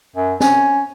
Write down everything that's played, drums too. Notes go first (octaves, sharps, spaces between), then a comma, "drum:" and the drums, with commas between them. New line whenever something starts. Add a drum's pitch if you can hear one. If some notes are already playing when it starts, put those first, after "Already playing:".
F#2
C#4, drum: snare